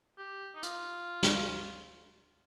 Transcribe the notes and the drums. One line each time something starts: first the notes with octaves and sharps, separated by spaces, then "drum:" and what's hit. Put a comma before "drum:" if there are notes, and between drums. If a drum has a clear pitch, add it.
G4
D#4
F4, drum: hi-hat
drum: snare